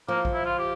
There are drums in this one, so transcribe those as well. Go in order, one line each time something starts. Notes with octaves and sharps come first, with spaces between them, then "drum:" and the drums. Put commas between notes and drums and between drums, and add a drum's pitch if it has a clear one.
F3 A#3
drum: kick A#1
E4
F4
G4